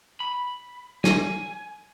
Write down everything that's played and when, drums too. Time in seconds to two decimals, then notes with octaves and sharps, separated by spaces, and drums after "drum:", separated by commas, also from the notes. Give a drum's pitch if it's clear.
0.20 B5
1.04 G#5, drum: snare